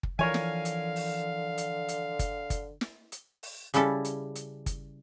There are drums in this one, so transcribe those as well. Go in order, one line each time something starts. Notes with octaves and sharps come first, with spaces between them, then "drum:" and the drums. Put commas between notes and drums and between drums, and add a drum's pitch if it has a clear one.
drum: kick
D3 E3 F3 A#4 C#5 F5 G#5
drum: snare
drum: hi-hat
drum: open hi-hat
drum: hi-hat
drum: hi-hat
drum: kick, hi-hat
drum: kick, hi-hat
drum: snare
drum: hi-hat
drum: open hi-hat
C#3 G3 C#4 E4 A4, drum: hi-hat
drum: hi-hat
drum: hi-hat
drum: kick, hi-hat